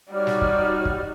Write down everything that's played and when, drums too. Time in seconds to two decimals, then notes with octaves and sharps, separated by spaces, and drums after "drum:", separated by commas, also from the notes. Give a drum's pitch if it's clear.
0.12 G3 D#4 F#4 C#5 D5 F6
0.27 drum: snare
0.41 drum: kick
0.85 drum: kick